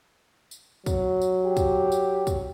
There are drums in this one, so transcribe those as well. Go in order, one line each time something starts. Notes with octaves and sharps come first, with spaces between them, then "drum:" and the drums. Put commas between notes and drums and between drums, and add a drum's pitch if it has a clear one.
drum: tambourine
F#3, drum: kick, tambourine
drum: tambourine
G4
drum: kick, tambourine
drum: tambourine
drum: kick, tambourine